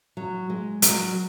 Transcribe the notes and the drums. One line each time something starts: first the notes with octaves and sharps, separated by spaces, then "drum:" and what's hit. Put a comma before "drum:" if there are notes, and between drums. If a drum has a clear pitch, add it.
F#3
G#3
F#3, drum: hi-hat